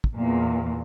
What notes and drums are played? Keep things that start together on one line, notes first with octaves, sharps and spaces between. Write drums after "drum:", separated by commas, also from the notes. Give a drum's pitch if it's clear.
drum: kick
E2 A#2